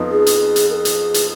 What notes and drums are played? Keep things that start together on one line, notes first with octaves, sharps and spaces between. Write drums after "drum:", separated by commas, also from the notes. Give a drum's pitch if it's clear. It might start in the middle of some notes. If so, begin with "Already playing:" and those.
Already playing: F2 F3 B3 D#4
G#4
drum: hi-hat
drum: hi-hat
A#4
G#4
drum: hi-hat
drum: hi-hat